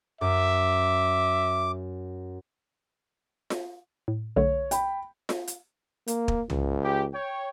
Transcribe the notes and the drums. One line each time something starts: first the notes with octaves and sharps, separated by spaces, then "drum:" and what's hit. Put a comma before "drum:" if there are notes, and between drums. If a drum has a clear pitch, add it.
F#2 E5 D6
drum: snare F4
A2
B1 D3 A3 C#5
G5 B5, drum: hi-hat
drum: snare F4
drum: hi-hat
A#3, drum: hi-hat
drum: kick
C#2, drum: tom
G4
C#5 G5